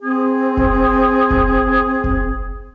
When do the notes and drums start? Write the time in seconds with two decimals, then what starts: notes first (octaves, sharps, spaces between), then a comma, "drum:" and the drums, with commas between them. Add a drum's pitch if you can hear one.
0.02 C4 G#4
0.57 drum: kick
1.30 drum: kick
2.04 drum: kick